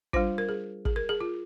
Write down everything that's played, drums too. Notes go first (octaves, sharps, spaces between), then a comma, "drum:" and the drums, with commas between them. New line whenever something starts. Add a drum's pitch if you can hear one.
G3 D4 F4 C5, drum: kick
A#4
G#4
G#4, drum: kick
A#4
G#4
F4